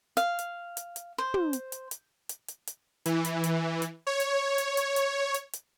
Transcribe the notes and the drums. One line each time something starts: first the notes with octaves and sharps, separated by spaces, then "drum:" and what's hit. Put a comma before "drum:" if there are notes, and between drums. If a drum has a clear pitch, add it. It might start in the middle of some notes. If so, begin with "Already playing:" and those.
F5, drum: hi-hat
drum: hi-hat
drum: hi-hat
drum: hi-hat
C5
drum: tom
drum: hi-hat
drum: hi-hat
drum: hi-hat
drum: hi-hat
drum: hi-hat
drum: hi-hat
E3, drum: hi-hat
drum: hi-hat
drum: hi-hat
drum: hi-hat
C#5
drum: hi-hat
drum: hi-hat
drum: hi-hat
drum: hi-hat
drum: hi-hat
drum: hi-hat